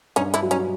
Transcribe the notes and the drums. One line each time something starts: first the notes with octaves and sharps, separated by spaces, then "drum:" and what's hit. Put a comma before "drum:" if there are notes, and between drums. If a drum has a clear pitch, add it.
G2 C#4 D#4, drum: hi-hat
D4 E4, drum: hi-hat
F#3
C#4 D#4, drum: hi-hat